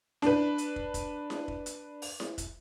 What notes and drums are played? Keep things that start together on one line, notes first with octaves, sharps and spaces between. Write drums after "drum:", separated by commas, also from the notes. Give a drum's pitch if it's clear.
D4 B4, drum: snare E4
drum: hi-hat
drum: kick
drum: kick, hi-hat
drum: snare E4
drum: kick
drum: hi-hat
drum: open hi-hat
drum: snare E4
drum: kick, hi-hat